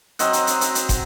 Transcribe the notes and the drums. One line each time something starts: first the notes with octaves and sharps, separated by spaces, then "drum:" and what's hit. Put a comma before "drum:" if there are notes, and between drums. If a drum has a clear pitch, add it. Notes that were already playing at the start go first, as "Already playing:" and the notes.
F#3 C4 D#5 F#5, drum: hi-hat
drum: hi-hat
drum: hi-hat
drum: hi-hat
drum: hi-hat
drum: kick, hi-hat